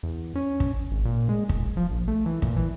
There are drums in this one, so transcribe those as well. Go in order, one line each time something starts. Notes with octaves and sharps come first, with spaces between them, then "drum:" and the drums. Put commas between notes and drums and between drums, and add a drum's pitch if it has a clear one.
E2
C#4
drum: kick
G#1
A#2
G#3
E1, drum: kick
F3
A#1
A3
E3
A#2, drum: kick
E3